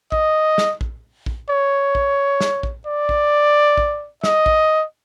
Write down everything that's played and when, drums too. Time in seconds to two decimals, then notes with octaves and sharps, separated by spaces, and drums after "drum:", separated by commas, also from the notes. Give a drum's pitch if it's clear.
0.12 D#5, drum: kick A#1
0.58 drum: snare
0.81 drum: kick A#1
1.26 drum: kick A#1
1.49 C#5
1.95 drum: kick A#1
2.41 drum: snare
2.63 drum: kick A#1
2.86 D5
3.09 drum: kick A#1
3.77 drum: kick A#1
4.24 D#5, drum: snare
4.46 drum: kick A#1